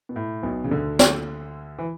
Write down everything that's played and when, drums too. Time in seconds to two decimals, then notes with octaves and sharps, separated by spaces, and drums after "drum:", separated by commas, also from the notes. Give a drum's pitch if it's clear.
0.09 B2
0.16 A2
0.43 B1 B2
0.64 C#3
0.71 D2 D3
0.99 drum: snare
1.79 E3